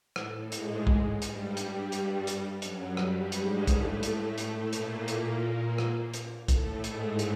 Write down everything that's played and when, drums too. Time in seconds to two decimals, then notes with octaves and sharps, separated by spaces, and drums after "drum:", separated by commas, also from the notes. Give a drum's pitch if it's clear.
0.16 A2 A3, drum: rim click
0.52 G#2 G#3, drum: hi-hat
0.87 drum: kick
1.22 G2 G3, drum: hi-hat
1.57 G2 G3, drum: hi-hat
1.92 drum: hi-hat
2.27 drum: hi-hat
2.62 F#2 F#3, drum: hi-hat
2.97 G2 G3, drum: rim click
3.32 G#2 G#3, drum: hi-hat
3.67 A2 A3, drum: kick, hi-hat
4.03 drum: hi-hat
4.38 A2 A3, drum: hi-hat
4.73 A#2 A#3, drum: hi-hat
5.08 A#2 A#3, drum: hi-hat
5.78 drum: rim click
6.14 drum: hi-hat
6.48 A2 A3, drum: kick, hi-hat
6.84 G#2 G#3, drum: hi-hat
7.19 drum: hi-hat